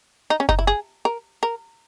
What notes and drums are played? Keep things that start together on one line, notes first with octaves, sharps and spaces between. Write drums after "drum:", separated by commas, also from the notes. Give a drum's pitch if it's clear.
D#4
C#4
D#4, drum: kick F#1
E4
G#4
A#4
A#4